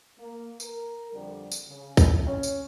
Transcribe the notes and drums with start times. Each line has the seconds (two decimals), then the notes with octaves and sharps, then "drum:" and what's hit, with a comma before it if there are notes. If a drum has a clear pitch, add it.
0.18 A#3
0.60 A#4, drum: tambourine
1.13 F2 D3 G3
1.52 drum: tambourine
1.68 C#3
1.97 drum: kick, tambourine
2.27 C#4
2.43 drum: tambourine